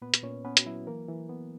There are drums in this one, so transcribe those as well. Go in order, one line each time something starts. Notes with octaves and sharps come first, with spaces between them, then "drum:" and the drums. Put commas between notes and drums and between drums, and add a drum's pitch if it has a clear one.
A#2 B3 B4
drum: hi-hat
A#2 C#4 C#5
B3 C#4 B4
F#4, drum: hi-hat
F#3 E4
E3 A#3 A#4
E3
B3